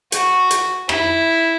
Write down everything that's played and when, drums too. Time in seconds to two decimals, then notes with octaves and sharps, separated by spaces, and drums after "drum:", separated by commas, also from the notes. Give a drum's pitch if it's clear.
0.12 F#4, drum: hi-hat
0.51 drum: hi-hat
0.89 E4, drum: rim click